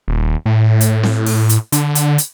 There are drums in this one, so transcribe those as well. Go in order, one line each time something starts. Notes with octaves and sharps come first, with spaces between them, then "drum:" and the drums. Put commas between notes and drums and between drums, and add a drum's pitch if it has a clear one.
D#1
A2
drum: hi-hat
drum: snare C4
drum: open hi-hat
drum: hi-hat
D3, drum: hi-hat
drum: hi-hat
drum: hi-hat